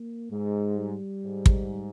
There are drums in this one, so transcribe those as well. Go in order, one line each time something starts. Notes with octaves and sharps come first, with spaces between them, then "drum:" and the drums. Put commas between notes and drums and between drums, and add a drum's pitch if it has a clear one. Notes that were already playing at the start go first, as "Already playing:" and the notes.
Already playing: A#3
G#2 G#3
G3
G#2
drum: kick